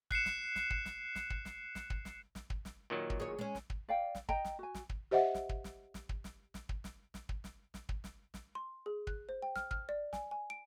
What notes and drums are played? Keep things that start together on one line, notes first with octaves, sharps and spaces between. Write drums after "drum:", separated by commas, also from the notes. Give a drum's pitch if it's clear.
F#6 C7 C#7 E7, drum: kick
drum: snare
drum: snare
drum: kick
drum: snare
drum: snare
drum: kick
drum: snare
drum: snare
drum: kick
drum: snare
drum: snare
drum: kick
drum: snare
A#2 D#3 F#3
drum: kick
G#4 C#5
G#3 C#4
drum: snare
drum: kick
D5 F5 G5
drum: snare
D#5 G5 A#5, drum: kick
drum: snare
F#4 G#5
drum: snare
drum: kick
G4 C5 D#5 E5 F#5
drum: snare
drum: kick
drum: snare
drum: snare
drum: kick
drum: snare
drum: snare
drum: kick
drum: snare
drum: snare
drum: kick
drum: snare
drum: snare
drum: kick
drum: snare
drum: snare
C6
G#4
F#6, drum: kick
C5
G5
F6, drum: snare
F6, drum: kick
D5
G#5, drum: snare
G#5
D7